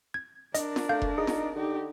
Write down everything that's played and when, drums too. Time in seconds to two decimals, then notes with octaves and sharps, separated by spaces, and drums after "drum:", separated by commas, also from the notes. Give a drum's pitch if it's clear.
0.14 G#6
0.54 D4 A#4 D#5, drum: hi-hat
0.76 drum: snare
0.89 A3 F5 G6
1.02 drum: kick F1
1.18 D#4 G#4
1.27 drum: snare
1.56 D3 D#4 G4